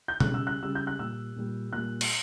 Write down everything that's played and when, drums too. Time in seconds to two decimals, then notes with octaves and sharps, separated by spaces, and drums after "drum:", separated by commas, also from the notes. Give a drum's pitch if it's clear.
0.08 G6
0.20 F#6, drum: tom B2
0.26 C#3 G3
0.34 E6
0.47 F#6
0.62 C#3 G3 E6
0.75 G6
0.87 F#6
0.99 A#2 G3 E6
1.36 A#2 G3
1.73 A#2 G3 F#6
2.01 drum: cymbal